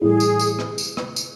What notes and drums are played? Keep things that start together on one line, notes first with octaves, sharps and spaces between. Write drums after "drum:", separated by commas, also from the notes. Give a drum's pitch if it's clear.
A2 E3 G3 G#4
drum: tambourine
drum: tambourine
drum: rim click
drum: tambourine
drum: rim click
drum: tambourine